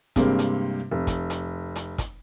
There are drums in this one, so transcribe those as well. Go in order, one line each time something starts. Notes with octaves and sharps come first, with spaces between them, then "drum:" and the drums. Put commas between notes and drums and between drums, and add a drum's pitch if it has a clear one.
G2 C3 G3 G#3 A#3 C4, drum: kick, hi-hat
drum: hi-hat
F1
drum: kick, hi-hat
drum: hi-hat
drum: hi-hat
drum: kick, hi-hat